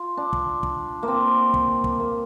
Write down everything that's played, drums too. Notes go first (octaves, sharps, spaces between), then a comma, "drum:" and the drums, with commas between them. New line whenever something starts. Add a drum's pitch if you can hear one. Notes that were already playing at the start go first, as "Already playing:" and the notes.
Already playing: F4
D4
drum: kick
drum: kick
A#3
C4
drum: kick
drum: kick
A#3